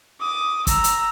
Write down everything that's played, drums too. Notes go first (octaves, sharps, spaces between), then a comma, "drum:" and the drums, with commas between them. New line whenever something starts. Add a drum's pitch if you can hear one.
D6 D#6
A#5 E6, drum: kick F#1, hi-hat
drum: hi-hat